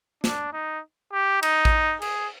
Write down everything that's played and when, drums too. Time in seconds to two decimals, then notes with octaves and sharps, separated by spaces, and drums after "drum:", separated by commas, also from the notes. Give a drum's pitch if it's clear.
0.24 D4, drum: snare
0.53 D#4
1.13 G4
1.43 D#4, drum: cymbal
1.65 drum: kick A1
2.02 G#4, drum: cymbal